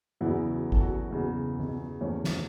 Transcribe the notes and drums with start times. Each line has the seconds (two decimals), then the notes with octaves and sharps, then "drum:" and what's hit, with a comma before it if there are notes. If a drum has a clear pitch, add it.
0.21 E2 C#3 F#3 B3 E4
0.50 F#4
0.72 A4, drum: kick G#1
0.81 F#4
1.11 E2 C#3 F#3 B3
1.59 drum: tom E3
2.01 E2 E3 A3 C#4
2.24 drum: snare